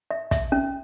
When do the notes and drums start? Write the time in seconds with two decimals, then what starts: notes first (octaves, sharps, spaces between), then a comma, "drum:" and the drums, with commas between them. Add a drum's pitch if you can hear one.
0.11 E5
0.31 E5, drum: kick, hi-hat
0.52 C#4